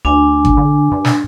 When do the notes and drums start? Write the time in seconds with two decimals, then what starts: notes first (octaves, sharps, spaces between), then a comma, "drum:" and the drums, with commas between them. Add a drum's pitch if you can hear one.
0.05 D2 D4 G#5
0.45 drum: kick G#1
0.57 D3
0.92 G2
1.05 drum: snare